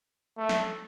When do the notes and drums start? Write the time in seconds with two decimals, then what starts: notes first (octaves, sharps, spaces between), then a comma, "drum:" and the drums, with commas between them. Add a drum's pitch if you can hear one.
0.38 A3
0.49 drum: snare